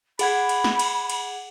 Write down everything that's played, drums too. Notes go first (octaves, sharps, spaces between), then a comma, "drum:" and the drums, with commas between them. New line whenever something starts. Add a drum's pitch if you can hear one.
G#4 F#5 B5 G#6, drum: cymbal
drum: cymbal
drum: snare
drum: cymbal
drum: cymbal